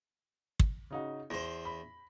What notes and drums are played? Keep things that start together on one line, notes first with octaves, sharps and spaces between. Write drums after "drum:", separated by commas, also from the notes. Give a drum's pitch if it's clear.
drum: kick
C#3 D#4 F#4
E2 C5 A#6
B5